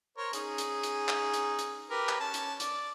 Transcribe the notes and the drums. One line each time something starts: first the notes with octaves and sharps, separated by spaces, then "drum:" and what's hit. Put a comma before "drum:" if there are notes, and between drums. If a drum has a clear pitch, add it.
A#4 C5 C#5
C#4 D#4 G#4, drum: hi-hat
drum: hi-hat
drum: hi-hat
drum: clap
drum: hi-hat
drum: hi-hat
G4 A#4 B4
drum: clap
C#4 A5
drum: hi-hat
D5, drum: hi-hat